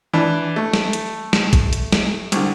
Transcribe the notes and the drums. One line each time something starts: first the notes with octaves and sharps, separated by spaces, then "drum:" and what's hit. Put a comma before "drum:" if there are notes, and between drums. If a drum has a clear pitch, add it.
E3 D4
A3
drum: snare
drum: hi-hat
drum: snare
drum: kick, hi-hat
drum: hi-hat
drum: snare
C2 D3, drum: hi-hat